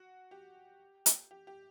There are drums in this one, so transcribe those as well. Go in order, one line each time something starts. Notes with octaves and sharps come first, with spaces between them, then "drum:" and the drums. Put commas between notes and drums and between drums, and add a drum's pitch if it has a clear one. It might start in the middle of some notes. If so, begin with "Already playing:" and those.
Already playing: F#4
G4
drum: hi-hat
G4
G4